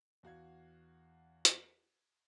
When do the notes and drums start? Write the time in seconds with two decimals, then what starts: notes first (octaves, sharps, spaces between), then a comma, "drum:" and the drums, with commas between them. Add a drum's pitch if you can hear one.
0.23 E2 F#4 F5 G#6
1.45 drum: hi-hat